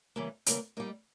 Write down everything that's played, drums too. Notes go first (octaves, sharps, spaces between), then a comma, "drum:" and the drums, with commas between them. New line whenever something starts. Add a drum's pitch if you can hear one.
C#3 E3 G3 A#3
C#3 E3 G3 A#3, drum: hi-hat
G3 A#3 D#4